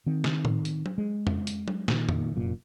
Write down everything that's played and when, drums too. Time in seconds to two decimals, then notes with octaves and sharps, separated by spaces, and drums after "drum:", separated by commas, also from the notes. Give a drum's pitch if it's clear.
0.06 D#3 C4
0.24 drum: snare
0.45 drum: tom A2
0.65 drum: hi-hat
0.86 drum: tom F#3
0.98 G#3
1.27 drum: tom
1.47 drum: hi-hat
1.68 drum: tom F#3
1.88 A#2 D#3, drum: snare
2.09 drum: tom
2.35 F1 F#2 A#2